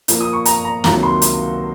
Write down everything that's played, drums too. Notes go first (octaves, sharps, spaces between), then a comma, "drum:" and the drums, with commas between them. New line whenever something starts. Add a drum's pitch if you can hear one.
A#2 F3 A#3, drum: hi-hat
D#6
C#6
A#5, drum: hi-hat
A#5
C#2 C3 D#3 F#3 A#3 A#5, drum: snare
C6
drum: hi-hat